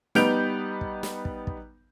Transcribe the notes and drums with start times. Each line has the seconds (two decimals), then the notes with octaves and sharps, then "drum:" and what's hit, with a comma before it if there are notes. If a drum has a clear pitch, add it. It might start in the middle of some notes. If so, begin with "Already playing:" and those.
0.15 G3 B3 D#4 G6 D7 F7, drum: snare
0.81 drum: kick
1.03 drum: snare
1.25 drum: kick
1.47 drum: kick